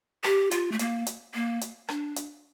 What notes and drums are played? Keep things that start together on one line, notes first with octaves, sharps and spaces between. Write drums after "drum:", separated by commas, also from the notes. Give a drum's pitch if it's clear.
G4, drum: rim click
F4, drum: hi-hat
A3
A#3, drum: hi-hat
drum: hi-hat
A#3
drum: hi-hat
D4, drum: rim click
drum: hi-hat